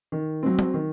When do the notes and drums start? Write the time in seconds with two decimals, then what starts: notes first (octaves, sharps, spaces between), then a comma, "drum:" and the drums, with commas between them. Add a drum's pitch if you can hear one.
0.12 D#3
0.43 F#3 C4
0.59 drum: tom F#3
0.74 D#3